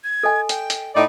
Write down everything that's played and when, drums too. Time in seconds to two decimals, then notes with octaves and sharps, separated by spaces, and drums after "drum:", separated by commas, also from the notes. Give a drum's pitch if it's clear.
0.04 G#6
0.23 A4 D#5 G#5
0.49 G5, drum: hi-hat
0.70 drum: hi-hat
0.95 A2 D#4 D5 B5